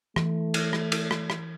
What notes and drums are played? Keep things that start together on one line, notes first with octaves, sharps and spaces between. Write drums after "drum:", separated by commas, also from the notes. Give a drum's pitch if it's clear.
E3 A3, drum: rim click
drum: cymbal
drum: rim click
drum: cymbal
drum: rim click
drum: rim click